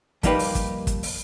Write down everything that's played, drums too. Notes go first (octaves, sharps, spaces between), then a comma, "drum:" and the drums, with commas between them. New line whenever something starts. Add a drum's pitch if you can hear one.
F3 G3 A#3 D#4 G4 B4, drum: kick, hi-hat
drum: open hi-hat
drum: kick, hi-hat
drum: kick, hi-hat
drum: open hi-hat